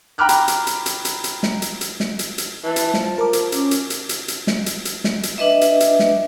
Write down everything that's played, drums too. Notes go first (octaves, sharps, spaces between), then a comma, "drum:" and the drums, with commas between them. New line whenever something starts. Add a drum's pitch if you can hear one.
G5 A#5 B5 D6 F6 F#6
drum: hi-hat
drum: hi-hat
drum: hi-hat
drum: hi-hat
drum: hi-hat
drum: hi-hat
drum: snare
drum: hi-hat
drum: hi-hat
drum: snare
drum: hi-hat
drum: hi-hat
E3 A5
drum: hi-hat
F3, drum: snare
A#4 D6
drum: hi-hat
C#4, drum: hi-hat
drum: hi-hat
drum: hi-hat
drum: hi-hat
drum: hi-hat
drum: snare
drum: hi-hat
drum: hi-hat
drum: snare
drum: hi-hat
D4 B4 D#5 E5
drum: hi-hat
drum: hi-hat
drum: snare